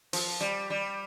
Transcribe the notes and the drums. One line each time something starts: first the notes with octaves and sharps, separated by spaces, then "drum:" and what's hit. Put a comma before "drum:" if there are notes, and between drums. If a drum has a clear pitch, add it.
F3, drum: open hi-hat
G3
G3